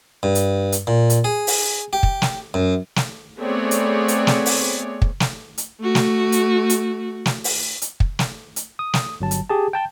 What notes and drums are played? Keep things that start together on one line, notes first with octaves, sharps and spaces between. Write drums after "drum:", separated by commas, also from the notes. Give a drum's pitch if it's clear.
G2
drum: hi-hat
drum: hi-hat
A#2
drum: hi-hat
G#4
drum: open hi-hat
G4
drum: kick
drum: snare
F#2
drum: snare
A3 B3 C4 G#4 C#5 D5
drum: hi-hat
drum: hi-hat
drum: snare
drum: open hi-hat
drum: kick
drum: snare
drum: hi-hat
A3 F#4
drum: snare
drum: hi-hat
drum: hi-hat
drum: snare
drum: open hi-hat
drum: hi-hat
drum: kick
drum: snare
drum: hi-hat
D#6
drum: snare
G1 F#3 A5
drum: hi-hat
G4 G#4 A5
G5 A5 G6